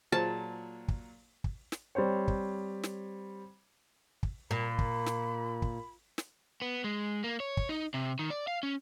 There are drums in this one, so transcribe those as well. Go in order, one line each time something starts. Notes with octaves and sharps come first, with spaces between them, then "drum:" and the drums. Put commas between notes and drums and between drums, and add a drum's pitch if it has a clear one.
A#2 F#3 F4 G#4 C5 A5
drum: kick
drum: kick
drum: snare
G3 C4 C5 C#5
drum: kick
drum: snare
drum: kick
A#2 B5
drum: kick
drum: snare
drum: kick
drum: snare
B3
G#3
A#3
C#5
drum: kick
D#4
C3
D#3
D5
F5
C#4